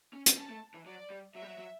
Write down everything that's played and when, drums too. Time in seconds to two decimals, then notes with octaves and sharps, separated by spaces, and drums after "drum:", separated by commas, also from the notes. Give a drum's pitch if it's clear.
0.13 C#4
0.26 drum: hi-hat
0.37 C#4 A5
0.50 A3
0.74 E3
0.86 F#3 D5
1.10 G3
1.34 F#3 E5
1.42 G3
1.47 F#3
1.58 F#3